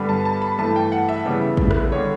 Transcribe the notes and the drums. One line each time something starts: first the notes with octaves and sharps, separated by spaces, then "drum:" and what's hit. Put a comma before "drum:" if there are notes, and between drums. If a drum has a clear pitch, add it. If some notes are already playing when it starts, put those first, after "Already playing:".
Already playing: G2 D3 G3 B3 B5
A5
A5
B5
G2 E3 A3 A5
G5
F#5
E5
C#3 E3 G3 B3
drum: kick A1
drum: rim click
D3 G3 C#5